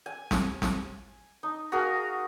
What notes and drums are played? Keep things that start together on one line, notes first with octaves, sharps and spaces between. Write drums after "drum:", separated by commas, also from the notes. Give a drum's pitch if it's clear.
G#5
drum: snare
drum: snare
D#4
F#4 G#4 A#4 F5